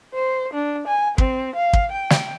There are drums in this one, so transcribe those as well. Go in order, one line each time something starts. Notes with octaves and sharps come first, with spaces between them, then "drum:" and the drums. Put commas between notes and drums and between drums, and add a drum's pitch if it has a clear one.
C5
D4
G#5
C4, drum: kick
F5
drum: kick
G5
drum: snare